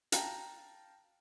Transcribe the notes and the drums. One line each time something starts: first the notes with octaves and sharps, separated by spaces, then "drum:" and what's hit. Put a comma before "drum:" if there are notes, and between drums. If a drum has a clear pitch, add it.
F5 G5 A5 A#5, drum: hi-hat